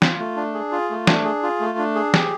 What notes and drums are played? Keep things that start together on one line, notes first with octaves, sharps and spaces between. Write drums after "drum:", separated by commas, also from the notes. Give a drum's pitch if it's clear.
F4, drum: snare
A3
D4
G#4
F4
A3
D4, drum: snare
G#4
F4
A3
D4
G#4
G4, drum: snare